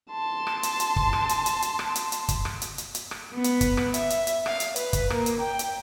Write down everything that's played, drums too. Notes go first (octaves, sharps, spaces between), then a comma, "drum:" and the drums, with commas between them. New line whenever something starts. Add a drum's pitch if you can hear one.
A5 C6
drum: rim click
drum: hi-hat
drum: hi-hat
drum: kick
drum: rim click
drum: hi-hat
drum: hi-hat
drum: hi-hat
drum: rim click
drum: hi-hat
drum: hi-hat
drum: kick, hi-hat
drum: rim click
drum: hi-hat
drum: hi-hat
drum: hi-hat
drum: rim click
B3
drum: hi-hat
drum: kick, hi-hat
drum: rim click
E5, drum: hi-hat
drum: hi-hat
drum: hi-hat
F5, drum: rim click
drum: hi-hat
B4, drum: hi-hat
drum: kick, hi-hat
A#3, drum: rim click
drum: hi-hat
G5
drum: hi-hat